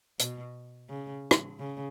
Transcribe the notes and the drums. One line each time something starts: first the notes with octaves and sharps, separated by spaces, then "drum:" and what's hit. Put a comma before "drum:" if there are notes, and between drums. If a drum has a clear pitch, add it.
B2, drum: hi-hat
C#3
drum: rim click
C#3